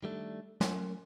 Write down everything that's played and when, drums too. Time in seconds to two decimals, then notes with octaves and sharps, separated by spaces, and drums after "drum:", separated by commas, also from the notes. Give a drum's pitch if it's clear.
0.03 D#3 G3 A3 D4
0.61 F#3 A3 C#4 A#4 G#5 C6, drum: snare